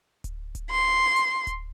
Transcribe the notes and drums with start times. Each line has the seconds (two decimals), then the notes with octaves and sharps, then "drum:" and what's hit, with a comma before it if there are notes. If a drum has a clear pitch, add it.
0.24 drum: kick D1, hi-hat
0.55 drum: kick D1, hi-hat
0.70 C6
1.16 drum: hi-hat
1.47 drum: kick D1, hi-hat